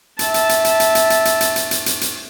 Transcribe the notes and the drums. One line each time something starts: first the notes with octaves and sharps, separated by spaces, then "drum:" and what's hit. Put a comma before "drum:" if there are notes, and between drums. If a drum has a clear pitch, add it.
E5 A5, drum: hi-hat
drum: hi-hat
drum: hi-hat
drum: hi-hat
drum: hi-hat
drum: hi-hat
drum: hi-hat
drum: hi-hat
drum: hi-hat
drum: hi-hat
drum: hi-hat
drum: hi-hat
drum: hi-hat